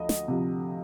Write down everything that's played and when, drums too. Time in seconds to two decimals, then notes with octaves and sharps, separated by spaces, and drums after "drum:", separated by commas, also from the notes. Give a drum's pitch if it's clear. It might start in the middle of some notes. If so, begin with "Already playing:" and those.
Already playing: D2 F3 D#5
0.09 drum: snare
0.28 C3 F3